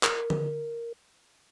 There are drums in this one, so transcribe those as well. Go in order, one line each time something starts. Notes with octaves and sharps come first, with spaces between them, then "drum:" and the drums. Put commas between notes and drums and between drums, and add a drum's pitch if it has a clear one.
A#4, drum: clap
drum: tom D3